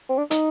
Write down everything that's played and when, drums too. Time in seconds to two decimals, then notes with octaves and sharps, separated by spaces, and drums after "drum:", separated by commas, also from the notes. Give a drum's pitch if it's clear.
0.09 C4
0.18 D4
0.31 D#4, drum: hi-hat